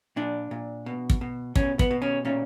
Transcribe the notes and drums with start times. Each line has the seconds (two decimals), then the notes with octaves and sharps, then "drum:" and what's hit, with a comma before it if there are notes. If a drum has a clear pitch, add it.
0.16 A#2 D4
0.51 A#2
0.86 B2
1.10 drum: kick
1.21 B2
1.55 B2 C#4, drum: kick
1.79 B3, drum: kick
1.91 B2
2.02 C#4
2.25 A#2 C#4